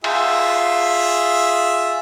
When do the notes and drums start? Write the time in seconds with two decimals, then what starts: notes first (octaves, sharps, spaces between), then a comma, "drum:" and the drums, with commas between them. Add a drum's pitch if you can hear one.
0.04 F4 G#4 E5, drum: cymbal